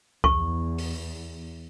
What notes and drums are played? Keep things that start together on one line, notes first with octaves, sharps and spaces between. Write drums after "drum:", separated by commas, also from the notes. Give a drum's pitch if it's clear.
E2 C#6, drum: kick C2
drum: open hi-hat